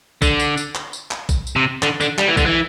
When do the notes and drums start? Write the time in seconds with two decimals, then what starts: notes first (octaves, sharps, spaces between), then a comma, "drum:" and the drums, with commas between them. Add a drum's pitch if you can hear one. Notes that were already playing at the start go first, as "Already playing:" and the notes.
0.22 D3, drum: kick A#1, tambourine
0.40 drum: tambourine
0.57 drum: tambourine
0.75 drum: clap
0.93 drum: tambourine
1.11 drum: clap
1.29 drum: kick A#1, tambourine
1.47 drum: tambourine
1.56 C3
1.83 D3, drum: clap
2.01 D3, drum: tambourine
2.18 G3, drum: clap
2.28 E3
2.37 D3, drum: kick A#1, tambourine
2.46 E3